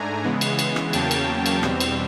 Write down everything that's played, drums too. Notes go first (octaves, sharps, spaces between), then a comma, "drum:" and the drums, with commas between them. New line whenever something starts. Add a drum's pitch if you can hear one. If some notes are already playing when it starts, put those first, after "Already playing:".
Already playing: G#2 A3 D4 G#5 A#5
C#3 E3 G#3 B3
drum: cymbal
drum: cymbal
drum: rim click
E2 C#3 F#3 A#3 C#4 G5 A5, drum: cymbal
drum: cymbal
drum: cymbal
E2 B2 G3 C4, drum: rim click
drum: cymbal